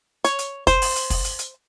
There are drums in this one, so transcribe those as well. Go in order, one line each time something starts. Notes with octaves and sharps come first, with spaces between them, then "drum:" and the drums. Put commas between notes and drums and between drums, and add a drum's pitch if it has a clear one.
C#5, drum: hi-hat
drum: hi-hat
C5, drum: kick, hi-hat
drum: open hi-hat
drum: hi-hat
drum: kick, open hi-hat
drum: hi-hat
drum: hi-hat